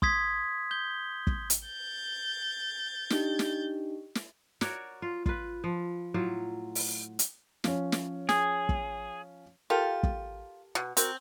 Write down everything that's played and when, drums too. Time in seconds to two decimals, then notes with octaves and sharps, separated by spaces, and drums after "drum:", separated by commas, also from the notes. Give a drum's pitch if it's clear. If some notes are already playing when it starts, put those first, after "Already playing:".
0.02 C6 D#6 G#6 B6, drum: kick
0.71 G6 G7
1.27 drum: kick
1.50 drum: hi-hat
1.66 G6 A6
3.10 D4 D#4 G4, drum: snare
3.39 drum: snare
4.15 drum: snare
4.61 F#4 A#4 C#5 D5, drum: snare
5.02 F4
5.26 F4 B4, drum: kick
5.64 F3
6.14 A2 F#3 F4
6.75 drum: open hi-hat
7.19 drum: hi-hat
7.64 F3 C#4, drum: snare
7.92 drum: snare
8.29 G#4, drum: snare
8.69 drum: kick
9.70 F4 G4 A4 A#4
10.03 drum: kick
10.75 B2
10.97 C4 F#4 A#4, drum: hi-hat